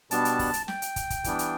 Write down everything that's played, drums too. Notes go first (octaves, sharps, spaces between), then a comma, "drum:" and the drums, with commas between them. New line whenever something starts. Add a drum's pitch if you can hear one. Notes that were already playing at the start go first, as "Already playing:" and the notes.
B2 G3 B3 D4 A5, drum: hi-hat
drum: hi-hat
drum: kick, open hi-hat
drum: hi-hat
G5, drum: snare
drum: hi-hat
drum: kick, hi-hat
drum: kick, hi-hat
E3 G3 B3 D4, drum: kick, hi-hat
drum: hi-hat